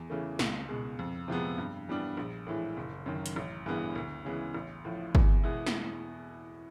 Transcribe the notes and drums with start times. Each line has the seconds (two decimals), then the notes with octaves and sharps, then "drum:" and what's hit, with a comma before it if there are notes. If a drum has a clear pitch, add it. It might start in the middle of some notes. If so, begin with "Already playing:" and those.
Already playing: E2
0.10 C#3 E3 A3
0.39 C#2, drum: snare
0.69 B2 G#3
0.99 F2
1.28 C3 F3 G#3 B3
1.58 G2
1.88 E3 G3 B3 D4
2.17 A#1
2.47 A2 E3 G#3
2.77 F#1
3.06 F#2 D#3
3.26 drum: hi-hat
3.36 A1
3.66 G2 E3 G#3 B3
3.95 D2
4.25 C#3 E3 G#3 B3
4.54 A1
4.85 A2 F3
5.15 E2, drum: kick
5.44 B2 G#3 B3 E4
5.67 drum: snare